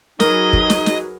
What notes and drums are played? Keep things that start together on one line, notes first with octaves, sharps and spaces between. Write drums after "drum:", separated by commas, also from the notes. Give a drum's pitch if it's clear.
F#3 D#4 G#4 A#4 B4 D#5, drum: snare
drum: kick
drum: snare
drum: snare